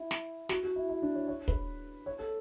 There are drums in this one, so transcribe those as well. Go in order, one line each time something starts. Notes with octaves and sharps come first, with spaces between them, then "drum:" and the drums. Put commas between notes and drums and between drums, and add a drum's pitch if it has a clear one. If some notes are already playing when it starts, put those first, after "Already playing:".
Already playing: E4
drum: snare
F#4, drum: snare
F#4
E4
E4
D4
C#5
C#5
B4, drum: kick
C#5
A4